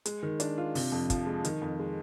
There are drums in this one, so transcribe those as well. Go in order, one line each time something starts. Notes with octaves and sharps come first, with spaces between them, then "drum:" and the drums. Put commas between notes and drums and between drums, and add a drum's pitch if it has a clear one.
G#3, drum: hi-hat
D#3
D4, drum: hi-hat
F4
C3, drum: open hi-hat
F2
F3, drum: kick, hi-hat
G#3
D#3, drum: hi-hat
F2
G#3